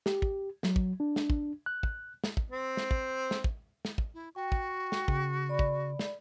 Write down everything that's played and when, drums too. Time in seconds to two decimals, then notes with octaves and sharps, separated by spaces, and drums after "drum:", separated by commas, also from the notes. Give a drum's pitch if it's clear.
0.06 G4, drum: snare
0.22 drum: kick
0.63 F#3, drum: snare
0.76 drum: kick
1.00 D4
1.16 drum: snare
1.30 drum: kick
1.66 F#6
1.83 drum: kick
2.24 drum: snare
2.37 drum: kick
2.50 C4
2.77 drum: snare
2.91 drum: kick
3.31 drum: snare
3.44 drum: kick
3.85 drum: snare
3.98 drum: kick
4.14 E4
4.35 F#4 G5 C#6
4.52 drum: kick
4.92 drum: snare
5.08 C#3, drum: kick
5.49 D5 B5
5.59 drum: kick
5.99 drum: snare